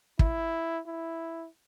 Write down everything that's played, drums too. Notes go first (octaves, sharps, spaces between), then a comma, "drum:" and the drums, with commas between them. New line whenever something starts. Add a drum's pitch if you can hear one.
E4, drum: kick
E4